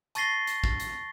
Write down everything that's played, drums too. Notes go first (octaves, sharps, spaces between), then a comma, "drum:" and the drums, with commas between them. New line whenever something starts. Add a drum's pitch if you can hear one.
A5 C#6 A6 A#6 C7 G7, drum: hi-hat
drum: hi-hat
drum: kick
drum: hi-hat